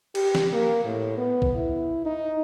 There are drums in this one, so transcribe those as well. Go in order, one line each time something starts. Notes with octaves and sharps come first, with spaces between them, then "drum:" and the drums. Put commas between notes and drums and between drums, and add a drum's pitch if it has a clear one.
G4, drum: cymbal
drum: snare
A#3
A2
B3
drum: kick A#1
E4
D#4